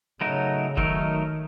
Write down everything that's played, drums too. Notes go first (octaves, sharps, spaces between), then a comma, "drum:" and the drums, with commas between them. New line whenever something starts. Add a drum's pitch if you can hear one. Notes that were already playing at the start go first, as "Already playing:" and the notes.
C#3 F#3 A3 D#4 A#4
D#3 F#3 A3 D#4 A#4, drum: kick F1